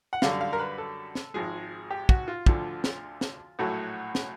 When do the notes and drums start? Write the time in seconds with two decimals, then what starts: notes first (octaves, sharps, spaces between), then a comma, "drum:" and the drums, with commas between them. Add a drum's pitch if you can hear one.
0.13 F#5
0.22 F#2 D3 G3 F5, drum: snare
0.41 F5
0.53 A#4
0.59 B4
0.78 A4
1.15 drum: snare
1.34 G#1 G#2 F3 G#3 G#4
1.91 G4
2.09 F#4, drum: kick
2.28 F4
2.46 D2 D3 F3, drum: kick
2.84 drum: snare
3.21 drum: snare
3.59 A#1 A2 F#3 A3 F#4
4.15 drum: snare